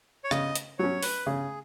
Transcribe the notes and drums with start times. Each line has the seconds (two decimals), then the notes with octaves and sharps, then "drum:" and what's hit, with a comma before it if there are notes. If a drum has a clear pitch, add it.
0.24 C#5
0.31 C#3 D#5, drum: rim click
0.55 drum: hi-hat
0.79 F#3 C#4 C#5
1.03 B4, drum: open hi-hat
1.26 C#3 G#4